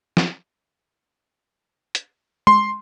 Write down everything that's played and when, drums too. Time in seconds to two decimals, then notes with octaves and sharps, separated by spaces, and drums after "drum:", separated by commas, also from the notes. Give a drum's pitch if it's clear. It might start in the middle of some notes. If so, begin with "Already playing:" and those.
0.17 drum: snare
1.95 drum: hi-hat
2.47 C6, drum: tom G#3